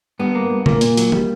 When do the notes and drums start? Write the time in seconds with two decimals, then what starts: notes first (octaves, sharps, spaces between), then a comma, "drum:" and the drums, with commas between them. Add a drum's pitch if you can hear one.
0.19 G2 B3
0.35 A#3
0.50 G2
0.66 A#2 A#3, drum: tom
0.81 A#2, drum: hi-hat
0.97 F#3, drum: hi-hat
1.12 G3, drum: tom